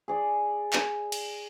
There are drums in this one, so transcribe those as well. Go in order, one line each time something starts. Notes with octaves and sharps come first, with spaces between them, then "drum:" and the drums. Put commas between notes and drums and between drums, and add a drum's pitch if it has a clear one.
G#4 D5
drum: clap
drum: cymbal